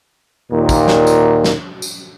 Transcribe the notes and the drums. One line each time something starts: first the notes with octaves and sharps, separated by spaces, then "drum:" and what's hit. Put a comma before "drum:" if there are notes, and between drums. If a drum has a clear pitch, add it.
D#2 A#2
drum: kick, tambourine
drum: snare
drum: tambourine
drum: snare
drum: tambourine